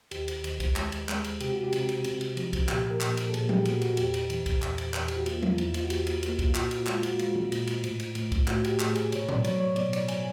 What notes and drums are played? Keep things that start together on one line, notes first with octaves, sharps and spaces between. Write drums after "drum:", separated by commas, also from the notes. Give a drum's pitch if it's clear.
D#2 G4, drum: cymbal
drum: cymbal
D#2, drum: cymbal
drum: kick C2, cymbal
G#3, drum: clap
drum: cymbal
G#3, drum: clap
drum: cymbal
C3 G4, drum: cymbal
F#4
G4
C3, drum: cymbal
drum: cymbal
C3, drum: cymbal
drum: cymbal
F3, drum: cymbal
drum: kick C2, cymbal
A#2 G4, drum: clap
A#4
A#2, drum: clap
drum: cymbal
A4
A#2 G#4, drum: cymbal
G4, drum: tom F3
A#2 F#4, drum: cymbal
F#4, drum: cymbal
F#4
E2 G4, drum: cymbal
drum: cymbal
E3, drum: cymbal
drum: kick C2, cymbal
E2, drum: clap
drum: cymbal
E2, drum: clap
G4, drum: cymbal
F#4
A#3 F4, drum: cymbal
F4, drum: tom F3
E2 E4, drum: cymbal
F4, drum: cymbal
F#4
E2 G4, drum: cymbal
drum: cymbal
A#3, drum: cymbal
drum: kick C2, cymbal
F4
A#2 F#4, drum: clap
F4, drum: cymbal
G#3 F4, drum: clap
F#4, drum: cymbal
G#3 F4, drum: cymbal
drum: tom E3
A#2, drum: cymbal
drum: cymbal
A2, drum: cymbal
drum: cymbal
A2, drum: cymbal
drum: kick C2, cymbal
A2 F#4, drum: clap
G4, drum: cymbal
A2 G#4, drum: clap
G#4, drum: cymbal
B2 C#5, drum: cymbal
D5, drum: tom A2
F#3 C#5, drum: cymbal
C#5
B2 D5, drum: cymbal
D5, drum: cymbal
G#5, drum: cymbal